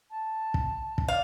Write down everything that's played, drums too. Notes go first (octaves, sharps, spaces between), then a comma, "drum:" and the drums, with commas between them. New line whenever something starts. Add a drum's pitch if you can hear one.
A5
drum: kick
drum: kick
D5 F5